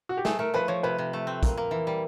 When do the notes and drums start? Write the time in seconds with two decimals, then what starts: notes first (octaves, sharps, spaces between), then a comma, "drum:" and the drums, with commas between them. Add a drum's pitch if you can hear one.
0.09 F#4
0.17 G4
0.25 A3 G#4, drum: snare
0.39 A3 A#4
0.54 F3 B4
0.68 F3 C#5
0.83 C3 B4
0.98 C3
1.13 A3
1.27 C4
1.43 A#3, drum: kick, hi-hat
1.57 A#3
1.71 E3
1.87 G3